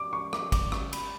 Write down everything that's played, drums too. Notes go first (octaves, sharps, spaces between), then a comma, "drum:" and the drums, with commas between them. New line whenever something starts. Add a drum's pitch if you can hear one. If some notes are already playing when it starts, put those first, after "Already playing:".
Already playing: D6
C#6
D6, drum: rim click
D6, drum: kick, cymbal
C#6, drum: rim click
B5, drum: cymbal